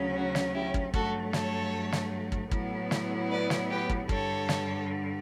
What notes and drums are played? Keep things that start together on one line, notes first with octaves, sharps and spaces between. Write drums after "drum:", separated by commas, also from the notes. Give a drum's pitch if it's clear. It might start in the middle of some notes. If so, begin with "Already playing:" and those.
Already playing: D2 C#3 F#3 C#4
F#4
drum: snare
E4 G4
drum: kick
G2 F#3 A3 F#4 A4, drum: kick
A4 C#5, drum: snare
drum: snare
drum: kick
A2 F#3 B3 E4, drum: kick
drum: snare
B4 D5
drum: snare
G4 B4
drum: kick
G2 D3 G3 A4 C#5, drum: kick
drum: snare